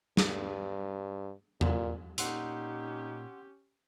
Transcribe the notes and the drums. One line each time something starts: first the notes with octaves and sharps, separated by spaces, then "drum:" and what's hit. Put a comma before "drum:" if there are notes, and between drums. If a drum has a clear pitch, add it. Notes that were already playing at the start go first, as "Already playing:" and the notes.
G2, drum: snare
A#2, drum: tom E2
A#2 C#4 D#4 G4 F#5 C6 E6, drum: hi-hat